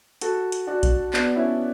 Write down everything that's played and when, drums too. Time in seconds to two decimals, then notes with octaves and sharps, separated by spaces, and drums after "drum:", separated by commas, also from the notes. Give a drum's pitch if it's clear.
0.21 F#4 A4, drum: hi-hat
0.52 drum: hi-hat
0.67 D4 F#4
0.83 drum: kick B1, hi-hat
1.13 B3 D4, drum: clap
1.36 C#4 E4